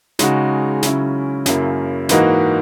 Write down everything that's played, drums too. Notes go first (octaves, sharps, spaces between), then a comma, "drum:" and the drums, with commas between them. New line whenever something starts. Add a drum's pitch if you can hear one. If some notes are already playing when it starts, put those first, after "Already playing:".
C#3 G#3 D#4 F#4, drum: snare
C#3 F#3 C#4 E4, drum: snare
F#2 C#3 F#3 A#3 E4, drum: snare
G#2 E3 A#3 D#4 F#4, drum: snare